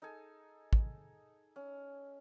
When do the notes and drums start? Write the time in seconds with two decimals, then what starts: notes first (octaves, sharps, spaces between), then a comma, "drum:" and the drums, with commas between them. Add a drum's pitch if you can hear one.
0.02 D#4 G#4 A4 G#5
0.73 drum: kick
1.56 C#4